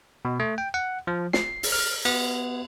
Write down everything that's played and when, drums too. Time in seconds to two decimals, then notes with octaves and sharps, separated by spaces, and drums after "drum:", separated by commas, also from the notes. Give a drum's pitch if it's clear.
0.25 B2
0.40 A3
0.58 G5
0.74 F#5
1.07 F3
1.33 C7, drum: snare
1.63 drum: open hi-hat
1.72 F6
2.05 B3, drum: cymbal